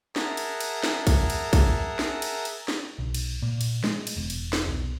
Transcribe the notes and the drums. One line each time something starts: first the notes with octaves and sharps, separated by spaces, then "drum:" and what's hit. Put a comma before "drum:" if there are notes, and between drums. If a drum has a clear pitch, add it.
G#4 A#4 E5 F#5 A5 A#5, drum: snare
drum: cymbal
drum: cymbal
drum: snare
drum: kick, cymbal
drum: cymbal
drum: kick, cymbal
drum: snare
drum: cymbal
drum: cymbal
drum: snare
B1
drum: cymbal
A#2
drum: cymbal
G#3, drum: snare
drum: cymbal
E1
drum: cymbal
drum: snare
B1